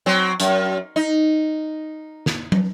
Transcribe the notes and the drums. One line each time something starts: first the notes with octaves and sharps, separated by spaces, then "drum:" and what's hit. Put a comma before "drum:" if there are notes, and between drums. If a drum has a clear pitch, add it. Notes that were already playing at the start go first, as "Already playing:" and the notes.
F#3 C4
F#2, drum: hi-hat
D#4
drum: snare
drum: tom